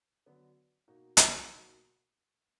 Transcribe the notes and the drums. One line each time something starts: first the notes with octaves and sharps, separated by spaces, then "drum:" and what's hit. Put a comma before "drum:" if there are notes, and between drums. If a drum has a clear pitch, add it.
D3 F#3 B3
B2 A#3 D#4 F#4
drum: hi-hat
B2 A#3 D#4 F#4